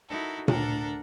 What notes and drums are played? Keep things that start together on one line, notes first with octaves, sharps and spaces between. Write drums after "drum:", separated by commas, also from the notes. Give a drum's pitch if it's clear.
D#4 E4 F#4 A4 A#4
D2 D4 A4 A#4 F#5 A#5, drum: tom A#2